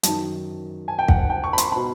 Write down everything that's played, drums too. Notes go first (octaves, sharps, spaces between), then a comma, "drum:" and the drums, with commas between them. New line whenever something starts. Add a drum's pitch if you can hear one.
F#2 D#3 A5, drum: hi-hat
G#5
G5
F#5, drum: kick
F#5
G5
C#6
B5
C6, drum: hi-hat
B2 B5